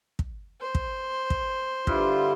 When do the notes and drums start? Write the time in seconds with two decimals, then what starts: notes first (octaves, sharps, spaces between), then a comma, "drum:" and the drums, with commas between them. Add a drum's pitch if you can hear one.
0.19 drum: kick
0.61 C5
0.75 drum: kick
1.30 drum: kick
1.87 G2 D3 E4 F4, drum: kick